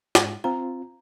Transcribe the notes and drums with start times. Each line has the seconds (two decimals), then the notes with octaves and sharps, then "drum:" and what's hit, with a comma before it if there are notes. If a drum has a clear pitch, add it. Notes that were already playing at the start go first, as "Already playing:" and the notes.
0.15 G#2, drum: snare
0.44 C4 F4 A#5